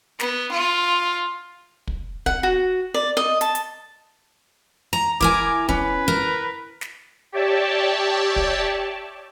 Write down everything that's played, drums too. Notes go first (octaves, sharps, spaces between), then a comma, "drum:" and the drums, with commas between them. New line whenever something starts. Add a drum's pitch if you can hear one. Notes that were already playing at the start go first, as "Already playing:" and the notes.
B3, drum: snare
F4
drum: kick
F#5, drum: kick
F#4
D5
D#5
A5, drum: hi-hat
drum: hi-hat
A#5
E4 A#4 G#5 D6, drum: kick
D6
C#4 B4, drum: kick
A#4
drum: snare
G4 C#5 D5 E5 G5 A5
drum: kick